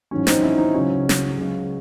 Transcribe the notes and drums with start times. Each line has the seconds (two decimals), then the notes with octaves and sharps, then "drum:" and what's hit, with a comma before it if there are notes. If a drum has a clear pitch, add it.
0.11 A1 G#2 D#3 F#3 C#4
0.27 C4 D#4, drum: snare
0.43 C#4 E4
0.58 C4 D#4
0.74 C#2 C#3 F#3 C#4
1.09 drum: snare
1.36 C#2 C#3 F#3